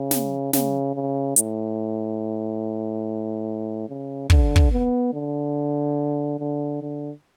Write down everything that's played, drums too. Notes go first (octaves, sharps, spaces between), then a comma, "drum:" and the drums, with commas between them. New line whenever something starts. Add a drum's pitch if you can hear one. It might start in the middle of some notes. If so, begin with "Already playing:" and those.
Already playing: C#3
drum: snare
C#3, drum: snare
C#3
A2, drum: hi-hat
C#3
D3, drum: kick
drum: kick
B3
D3
D3
D3